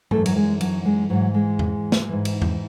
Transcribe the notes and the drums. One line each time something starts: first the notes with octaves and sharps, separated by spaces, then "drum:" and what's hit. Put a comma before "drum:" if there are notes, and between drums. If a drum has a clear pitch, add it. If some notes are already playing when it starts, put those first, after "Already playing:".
F#2 E3 A3, drum: tom G#2
F#3, drum: cymbal
G#3
F#3, drum: cymbal
G#3
G#2 E3 F#3
G#3
drum: tom E2
drum: snare
G#2 E3
drum: cymbal
drum: tom E2